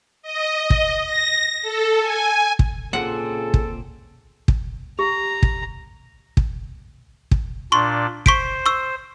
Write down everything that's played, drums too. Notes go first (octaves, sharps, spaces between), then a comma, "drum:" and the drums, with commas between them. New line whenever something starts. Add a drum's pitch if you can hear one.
D#5
drum: kick
A#6
A4
G#5
drum: kick
A#2 C#3 C4 F4 G#4 A4 F#5
drum: kick
drum: kick
G4 A#5
drum: kick
drum: kick
drum: kick
A#2 D4 C6 C#6
C5 C#6 B6 D7, drum: kick
C#6 E6